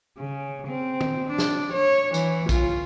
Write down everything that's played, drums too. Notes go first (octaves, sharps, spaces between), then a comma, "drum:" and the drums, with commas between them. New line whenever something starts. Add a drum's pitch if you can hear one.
C#3
C4
drum: tom
D4
drum: snare
C#5
E3, drum: tambourine
F4, drum: kick, tambourine